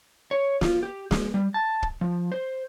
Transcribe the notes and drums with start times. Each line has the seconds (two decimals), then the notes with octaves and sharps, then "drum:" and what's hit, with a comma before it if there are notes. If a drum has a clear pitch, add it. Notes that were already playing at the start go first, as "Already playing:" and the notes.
0.31 C#5
0.61 F4, drum: snare
0.83 G4
1.11 G#3, drum: snare
1.34 G3
1.54 A5
1.82 drum: kick
2.01 F3
2.32 C5